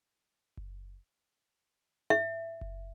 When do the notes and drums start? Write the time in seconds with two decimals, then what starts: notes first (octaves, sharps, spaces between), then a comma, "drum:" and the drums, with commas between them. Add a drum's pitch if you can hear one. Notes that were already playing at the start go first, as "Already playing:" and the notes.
0.57 drum: kick F#1
2.10 E5
2.61 drum: kick F#1